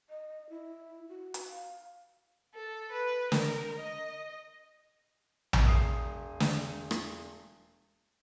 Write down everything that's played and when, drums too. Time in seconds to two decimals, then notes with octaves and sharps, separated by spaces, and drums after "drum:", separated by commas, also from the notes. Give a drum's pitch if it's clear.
0.09 D#5
0.50 E4
1.09 F#4
1.34 drum: hi-hat
1.50 F5
2.55 A4
2.92 B4
3.32 A#4, drum: snare
3.79 D#5
5.53 drum: tom A#1
5.65 E1 D#6 C7
6.40 drum: snare
6.91 drum: rim click